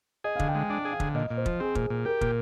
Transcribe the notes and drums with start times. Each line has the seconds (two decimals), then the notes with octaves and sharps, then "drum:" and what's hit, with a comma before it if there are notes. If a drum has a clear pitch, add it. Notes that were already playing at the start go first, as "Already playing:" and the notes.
0.24 G#4 D#5
0.36 F5
0.39 D3, drum: kick
0.48 G5
0.55 G#3 G#5
0.70 D4 G5
0.85 G#4
0.92 F5
1.00 D3, drum: kick
1.15 A#2 D#5
1.30 A#2
1.37 C5
1.46 F3, drum: kick
1.60 C4 G#4
1.75 A#2, drum: kick
1.90 A#2
2.05 G4 A#4
2.21 A#2, drum: kick